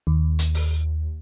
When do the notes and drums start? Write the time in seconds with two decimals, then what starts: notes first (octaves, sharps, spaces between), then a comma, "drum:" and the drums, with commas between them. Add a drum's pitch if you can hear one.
0.07 D#2
0.39 drum: hi-hat
0.54 drum: open hi-hat